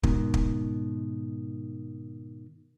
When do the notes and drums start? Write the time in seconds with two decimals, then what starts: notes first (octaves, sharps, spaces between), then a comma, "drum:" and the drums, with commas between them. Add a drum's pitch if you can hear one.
0.03 G#2 B2 D#3, drum: kick
0.34 drum: kick